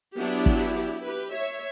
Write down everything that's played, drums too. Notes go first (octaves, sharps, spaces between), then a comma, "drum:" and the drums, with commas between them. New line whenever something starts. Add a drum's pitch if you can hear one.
F#3 B3 D4 E4 G4
drum: kick
G4 B4
C#5 E5